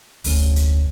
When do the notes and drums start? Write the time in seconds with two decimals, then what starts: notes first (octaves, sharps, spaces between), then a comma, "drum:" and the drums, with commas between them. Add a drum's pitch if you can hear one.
0.24 F1 D2 C#4, drum: open hi-hat
0.56 drum: hi-hat